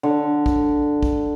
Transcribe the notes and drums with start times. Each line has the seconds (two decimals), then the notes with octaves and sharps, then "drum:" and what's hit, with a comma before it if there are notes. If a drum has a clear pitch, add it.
0.03 D3
0.46 drum: kick A1
1.03 drum: kick A1